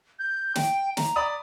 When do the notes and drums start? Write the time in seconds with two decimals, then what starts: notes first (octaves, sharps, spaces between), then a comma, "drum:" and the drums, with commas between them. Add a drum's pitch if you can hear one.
0.19 G6
0.55 G5, drum: snare
0.97 A#5, drum: snare
1.16 D5 B5 D#6